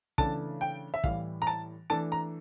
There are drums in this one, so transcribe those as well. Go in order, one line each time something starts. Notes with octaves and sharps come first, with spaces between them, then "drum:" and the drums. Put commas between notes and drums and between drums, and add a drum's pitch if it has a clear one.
C#3 E3 A3 D4 A5, drum: kick
G5
E5
A2 E3 G3 F5, drum: kick
A#5
A5
E3 A3 D4 A5
A#5